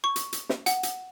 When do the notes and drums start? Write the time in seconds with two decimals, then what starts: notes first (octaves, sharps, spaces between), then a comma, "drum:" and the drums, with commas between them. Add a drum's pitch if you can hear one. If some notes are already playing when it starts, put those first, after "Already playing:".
0.04 C#6
0.16 drum: hi-hat
0.33 drum: hi-hat
0.49 drum: snare
0.66 F#5, drum: hi-hat
0.83 drum: hi-hat